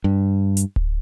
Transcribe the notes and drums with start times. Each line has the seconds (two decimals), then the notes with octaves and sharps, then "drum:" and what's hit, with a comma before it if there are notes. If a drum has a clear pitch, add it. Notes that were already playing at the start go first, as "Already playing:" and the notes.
0.04 G2
0.57 drum: hi-hat
0.76 drum: kick D1